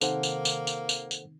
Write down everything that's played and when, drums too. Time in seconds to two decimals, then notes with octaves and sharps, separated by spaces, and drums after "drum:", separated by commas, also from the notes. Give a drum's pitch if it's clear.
0.01 C3 D#3 A#3 A4 C5 F#5, drum: tambourine
0.23 drum: tambourine
0.45 drum: tambourine
0.67 drum: tambourine
0.89 drum: tambourine
1.11 drum: tambourine